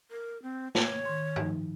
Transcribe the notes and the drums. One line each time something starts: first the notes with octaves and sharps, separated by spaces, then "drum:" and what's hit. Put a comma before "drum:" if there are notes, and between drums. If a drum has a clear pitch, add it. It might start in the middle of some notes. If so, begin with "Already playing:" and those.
A#4
C4
C#5, drum: snare
D#3 C6
F3 D#4, drum: tom G2